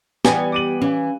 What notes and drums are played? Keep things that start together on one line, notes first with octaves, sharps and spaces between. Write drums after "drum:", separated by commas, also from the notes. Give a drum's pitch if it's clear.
E3 G3 B3 G#5, drum: snare
G4 D6 D#7 F#7
E3 C#4 F5